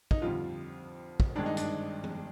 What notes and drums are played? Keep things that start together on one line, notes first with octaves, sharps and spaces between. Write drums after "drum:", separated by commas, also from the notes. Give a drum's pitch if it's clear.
D#4, drum: kick
F2 D3 F3 G3 F4
drum: kick
G#1 G2 D#3 G#3 D4
D#4
D4, drum: hi-hat
drum: tom